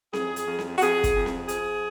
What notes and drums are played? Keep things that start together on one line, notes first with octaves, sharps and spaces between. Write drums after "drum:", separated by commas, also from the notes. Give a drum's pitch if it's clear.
F2 G#4, drum: snare C4
drum: hi-hat
F2
drum: snare C4
F#4
F2 G#4, drum: hi-hat
drum: kick, hi-hat
F2
drum: snare C4
F3 G#4, drum: hi-hat